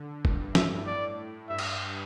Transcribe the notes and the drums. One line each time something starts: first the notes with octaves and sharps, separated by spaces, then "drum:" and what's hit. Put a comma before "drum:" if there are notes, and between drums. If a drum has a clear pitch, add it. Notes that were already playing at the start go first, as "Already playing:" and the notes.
Already playing: D3
G2, drum: kick
A2 E5, drum: snare
D5
G2 E5
drum: cymbal